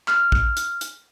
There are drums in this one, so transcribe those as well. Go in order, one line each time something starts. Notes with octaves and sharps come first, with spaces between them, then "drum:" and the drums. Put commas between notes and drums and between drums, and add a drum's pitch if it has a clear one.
F6, drum: clap
drum: kick
drum: hi-hat
drum: hi-hat